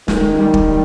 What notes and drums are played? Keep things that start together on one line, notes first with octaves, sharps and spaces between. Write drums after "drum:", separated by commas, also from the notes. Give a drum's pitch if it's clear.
D#3 G#3, drum: snare
G3
drum: kick
G3